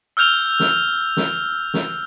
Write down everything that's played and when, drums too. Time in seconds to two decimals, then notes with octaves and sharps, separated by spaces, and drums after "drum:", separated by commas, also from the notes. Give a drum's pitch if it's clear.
0.17 E6 F6 G6 F7 G7
0.60 drum: snare
1.17 drum: snare
1.74 drum: snare